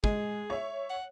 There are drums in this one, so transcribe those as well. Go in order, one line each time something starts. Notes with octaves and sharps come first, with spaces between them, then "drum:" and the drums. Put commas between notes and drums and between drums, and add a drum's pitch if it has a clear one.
G#3 G#4, drum: kick
C#5 E5
F#5